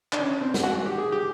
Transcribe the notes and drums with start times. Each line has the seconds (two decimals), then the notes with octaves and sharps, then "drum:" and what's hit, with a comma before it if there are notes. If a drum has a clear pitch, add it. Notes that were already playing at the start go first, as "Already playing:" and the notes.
0.13 D4, drum: clap
0.19 C#4
0.41 C4
0.54 drum: snare
0.63 F#4
0.86 G4
0.98 G#4
1.12 G4